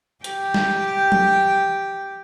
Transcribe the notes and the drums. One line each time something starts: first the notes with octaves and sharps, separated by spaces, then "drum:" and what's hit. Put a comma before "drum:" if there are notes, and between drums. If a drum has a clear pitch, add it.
G4 G5, drum: hi-hat
drum: snare
drum: tom F#3